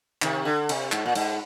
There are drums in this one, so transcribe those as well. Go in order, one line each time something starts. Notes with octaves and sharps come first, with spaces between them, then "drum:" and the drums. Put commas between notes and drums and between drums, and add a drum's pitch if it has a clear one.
C3 D#3, drum: clap
D3
C3, drum: cymbal
G#2, drum: clap
A#2
G#2, drum: cymbal